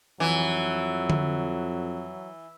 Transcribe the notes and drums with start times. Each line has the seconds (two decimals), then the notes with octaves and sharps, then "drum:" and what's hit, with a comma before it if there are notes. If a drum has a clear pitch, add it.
0.20 F2 E3 F#3
1.10 drum: tom D3